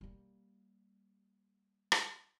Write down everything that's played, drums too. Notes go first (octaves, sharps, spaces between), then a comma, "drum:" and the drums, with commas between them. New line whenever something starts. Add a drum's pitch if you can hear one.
G3 A#3
drum: rim click